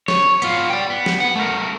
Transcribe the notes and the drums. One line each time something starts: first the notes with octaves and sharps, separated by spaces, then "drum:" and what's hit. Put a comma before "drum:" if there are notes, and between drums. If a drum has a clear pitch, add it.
C#5, drum: snare
B3 F4, drum: hi-hat
D5 G5
B3
drum: snare
B3 F#5
A3 A#4